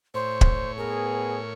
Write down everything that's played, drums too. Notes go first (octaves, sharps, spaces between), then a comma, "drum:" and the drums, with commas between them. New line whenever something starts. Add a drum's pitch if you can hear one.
A2 C5 C#5
drum: kick
B3 G#4 A#4